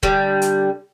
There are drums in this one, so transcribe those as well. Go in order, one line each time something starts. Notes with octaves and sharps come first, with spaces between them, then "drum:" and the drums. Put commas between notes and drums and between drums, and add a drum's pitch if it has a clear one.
D3 G3, drum: kick D#1
drum: hi-hat